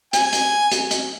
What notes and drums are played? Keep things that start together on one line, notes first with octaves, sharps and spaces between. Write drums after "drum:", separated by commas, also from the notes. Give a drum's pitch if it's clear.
G#5, drum: hi-hat
drum: hi-hat
drum: hi-hat
drum: hi-hat